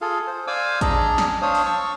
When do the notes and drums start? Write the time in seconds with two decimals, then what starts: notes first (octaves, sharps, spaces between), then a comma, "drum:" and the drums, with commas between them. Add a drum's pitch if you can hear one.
0.01 F4 G#4 A4 F5
0.27 C5
0.47 C5 D5 F5 G#5 D6 E6
0.81 D4 G#4 D5 D#5 A#5, drum: kick A1, hi-hat
1.18 drum: snare
1.42 D4 C5 C#5 F5 D#6
1.55 drum: open hi-hat
1.66 A5 C#6 E6